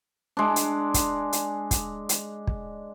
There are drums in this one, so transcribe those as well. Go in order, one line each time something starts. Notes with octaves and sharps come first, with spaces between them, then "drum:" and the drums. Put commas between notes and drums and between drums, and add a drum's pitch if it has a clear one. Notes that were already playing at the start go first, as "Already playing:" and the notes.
G#3 D4
drum: hi-hat
drum: kick, hi-hat
drum: hi-hat
drum: kick, hi-hat
drum: hi-hat
drum: kick